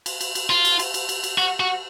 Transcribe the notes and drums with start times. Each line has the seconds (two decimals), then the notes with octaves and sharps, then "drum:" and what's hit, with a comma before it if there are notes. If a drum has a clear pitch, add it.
0.06 drum: cymbal
0.21 drum: cymbal
0.35 drum: cymbal
0.50 F4
0.65 drum: cymbal
0.79 drum: cymbal
0.94 drum: cymbal
1.09 drum: cymbal
1.23 drum: cymbal
1.38 F#4
1.60 F#4